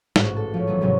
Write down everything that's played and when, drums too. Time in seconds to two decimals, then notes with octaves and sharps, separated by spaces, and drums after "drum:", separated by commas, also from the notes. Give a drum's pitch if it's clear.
0.16 A1 G#2 F#4, drum: snare
0.36 A4
0.54 F3 C#4
0.67 E3 F#3 B3
0.81 G#2 C3 F#3 G#3 C#4